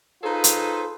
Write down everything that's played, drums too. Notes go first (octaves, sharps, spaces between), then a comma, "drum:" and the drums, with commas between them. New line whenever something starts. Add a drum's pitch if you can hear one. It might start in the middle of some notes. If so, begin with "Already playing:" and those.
D#4 F4 G#4 A4 B4 C5
drum: hi-hat